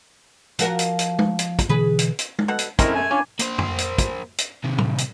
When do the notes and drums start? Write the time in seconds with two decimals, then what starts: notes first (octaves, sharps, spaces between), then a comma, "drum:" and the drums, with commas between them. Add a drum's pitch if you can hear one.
0.59 F3 F#4 A#4, drum: hi-hat
0.79 drum: hi-hat
0.99 drum: hi-hat
1.19 drum: tom
1.39 drum: hi-hat
1.59 drum: kick, hi-hat
1.69 B2 D3 E3 G#4 B4
1.99 drum: hi-hat
2.19 drum: hi-hat
2.39 drum: tom
2.48 B2 A4 F#5
2.59 drum: hi-hat
2.79 F#2 D3 G#3 A3 C4 E4 A#4 A#5, drum: kick, hi-hat
2.95 G#5
3.11 C#4 D4 F4
3.39 A#3 C5, drum: hi-hat
3.58 drum: tom
3.78 drum: hi-hat
3.98 drum: kick, hi-hat
4.38 drum: hi-hat
4.64 C3 D#3
4.78 drum: tom A2
4.98 drum: hi-hat